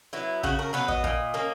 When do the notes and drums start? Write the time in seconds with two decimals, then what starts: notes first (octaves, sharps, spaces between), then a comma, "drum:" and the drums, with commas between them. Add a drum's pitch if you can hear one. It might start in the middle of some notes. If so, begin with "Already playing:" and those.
0.13 F#3 B3 E4
0.43 C#3 F#4, drum: kick
0.59 A#4
0.73 F#3 B3 B4
0.88 D#5, drum: kick
1.04 A#2, drum: kick
1.34 A#3 C#4